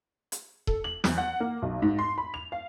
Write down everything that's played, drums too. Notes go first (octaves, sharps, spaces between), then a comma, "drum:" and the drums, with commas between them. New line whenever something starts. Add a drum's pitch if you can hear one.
drum: hi-hat
A4, drum: kick D#1
F#7
E2, drum: snare
F#5
A#3
B1
G#2
C6
B5
F7
F5